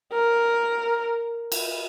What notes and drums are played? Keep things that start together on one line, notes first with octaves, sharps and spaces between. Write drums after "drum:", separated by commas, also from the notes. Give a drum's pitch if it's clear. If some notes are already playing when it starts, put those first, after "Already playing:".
A#4
drum: cymbal